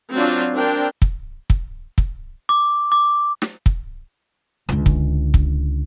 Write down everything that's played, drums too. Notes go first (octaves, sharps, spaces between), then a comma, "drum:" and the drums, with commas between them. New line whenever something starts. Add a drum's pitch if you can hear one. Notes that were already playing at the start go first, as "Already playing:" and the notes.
F#3 C4 D4 F4
C4 D4 A#4 G5
drum: kick
drum: kick
drum: kick
D6
D6
drum: snare
drum: kick
C#2 D3
drum: kick
drum: kick